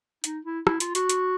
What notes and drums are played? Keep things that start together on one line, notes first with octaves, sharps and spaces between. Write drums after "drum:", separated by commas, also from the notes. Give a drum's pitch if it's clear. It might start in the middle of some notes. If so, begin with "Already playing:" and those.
D#4, drum: hi-hat
E4
E4, drum: rim click
F4, drum: hi-hat
F#4, drum: hi-hat
drum: hi-hat